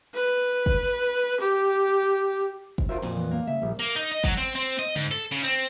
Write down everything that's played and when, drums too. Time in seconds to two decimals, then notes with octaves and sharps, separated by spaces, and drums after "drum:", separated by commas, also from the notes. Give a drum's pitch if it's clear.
0.14 B4
0.66 drum: kick
1.40 G4
2.78 drum: kick
2.89 F4 F#4 A#4 C5 E5 A#5
3.02 F2 A#2, drum: open hi-hat
3.17 E3 B3
3.31 A#3
3.47 C#3 A#3 E5
3.62 A#1 G3
3.80 A#3
3.96 D#4
4.12 D#5
4.24 F#3, drum: kick
4.37 C4
4.55 C4
4.79 D#5
4.96 G#2, drum: tom C#3
5.11 A4
5.32 C#3
5.44 C4